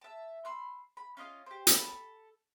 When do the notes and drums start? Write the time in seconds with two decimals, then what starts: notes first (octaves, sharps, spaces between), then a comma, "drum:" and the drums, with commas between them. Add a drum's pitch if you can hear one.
0.01 E5 A5
0.45 B5 C6 E6
0.97 B5
1.17 C#4 F4 D#5 F5
1.46 G4 C5
1.67 A4 B5, drum: hi-hat